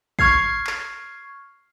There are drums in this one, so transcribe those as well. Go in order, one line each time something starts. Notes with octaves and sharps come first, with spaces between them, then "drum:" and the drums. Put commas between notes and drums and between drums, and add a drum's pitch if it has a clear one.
C#6 F6 G#6 C7, drum: kick
drum: clap